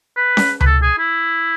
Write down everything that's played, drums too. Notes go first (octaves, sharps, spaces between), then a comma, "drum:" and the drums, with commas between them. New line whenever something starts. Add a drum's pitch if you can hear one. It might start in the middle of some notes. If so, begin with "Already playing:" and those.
B4
drum: snare C#4
B4, drum: tom C#2
A4
G#4
E4